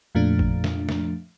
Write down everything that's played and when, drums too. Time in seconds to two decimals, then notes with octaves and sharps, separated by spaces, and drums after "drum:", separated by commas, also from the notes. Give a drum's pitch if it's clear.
0.15 F2 A#2 F3 A3 D4
0.39 drum: kick G#1
0.64 drum: snare
0.89 drum: snare